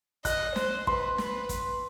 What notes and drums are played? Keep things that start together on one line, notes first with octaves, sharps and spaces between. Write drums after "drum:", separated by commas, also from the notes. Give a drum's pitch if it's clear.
D#5 F#6, drum: kick, hi-hat
C5, drum: snare
B4 C6, drum: kick
B4, drum: snare
drum: kick, hi-hat